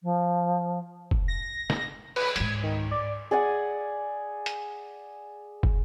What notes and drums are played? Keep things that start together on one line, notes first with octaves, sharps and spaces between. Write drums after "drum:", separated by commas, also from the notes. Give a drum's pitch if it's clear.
F3
drum: kick
A#6
drum: snare
B4, drum: cymbal
C#2 G#2 G#6, drum: hi-hat
D#3
D5
G#4 D5 F#5 G#5
drum: hi-hat
drum: kick